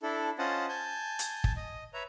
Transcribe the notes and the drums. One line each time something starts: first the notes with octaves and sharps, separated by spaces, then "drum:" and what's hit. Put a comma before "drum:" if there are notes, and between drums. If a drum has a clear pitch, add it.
D4 E4 A4
C#4 F4 C5 D#5 F#5 A5
G#5 A5 G6
drum: hi-hat
drum: kick
D#5
B4 C#5 E5 A#5